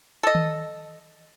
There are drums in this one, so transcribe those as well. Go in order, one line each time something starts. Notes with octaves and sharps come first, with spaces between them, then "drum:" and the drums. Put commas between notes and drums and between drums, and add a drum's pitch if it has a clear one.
A4 D#5
drum: tom D#3